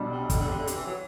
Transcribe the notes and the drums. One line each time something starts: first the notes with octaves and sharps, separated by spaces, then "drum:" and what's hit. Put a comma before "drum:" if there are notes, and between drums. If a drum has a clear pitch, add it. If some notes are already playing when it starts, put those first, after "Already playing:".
Already playing: B1 B2 G3 D4
C3
D3, drum: kick, hi-hat
D3
C3
D3
C3, drum: hi-hat
E3
F#3